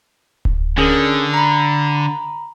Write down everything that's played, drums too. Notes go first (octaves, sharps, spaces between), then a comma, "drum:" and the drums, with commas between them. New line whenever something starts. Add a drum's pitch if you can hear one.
drum: kick D1
D3 C#4 G#4 A#4
A#5 B5